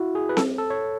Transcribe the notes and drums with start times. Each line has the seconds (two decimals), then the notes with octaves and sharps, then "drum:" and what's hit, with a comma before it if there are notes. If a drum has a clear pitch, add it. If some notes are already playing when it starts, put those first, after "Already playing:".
Already playing: E4 F#4
0.15 G#4
0.29 B4
0.37 A4, drum: snare C4
0.58 A4
0.70 C#5